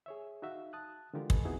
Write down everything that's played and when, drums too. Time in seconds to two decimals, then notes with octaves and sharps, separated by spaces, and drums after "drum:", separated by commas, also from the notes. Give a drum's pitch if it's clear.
0.06 G#4 C#5 E5
0.42 D#4 F#4 E5 F5
0.73 A5 D#6 F#6
1.14 D3 E3 G#3 F4 G4 A#4
1.30 A4 B4 D#5 G#5, drum: kick
1.45 B3 C4 D#4 E4 F#4 G#4